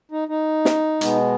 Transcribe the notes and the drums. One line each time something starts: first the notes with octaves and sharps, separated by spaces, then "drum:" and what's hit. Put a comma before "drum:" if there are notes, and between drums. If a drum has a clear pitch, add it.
D#4
D#4
drum: snare
B2 G#3 B3, drum: hi-hat